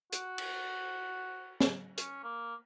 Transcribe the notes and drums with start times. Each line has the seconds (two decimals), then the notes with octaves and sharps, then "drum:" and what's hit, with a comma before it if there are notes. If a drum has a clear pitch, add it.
0.12 F#4, drum: hi-hat
0.38 drum: cymbal
1.60 drum: snare
1.98 C#4, drum: hi-hat
2.23 A#3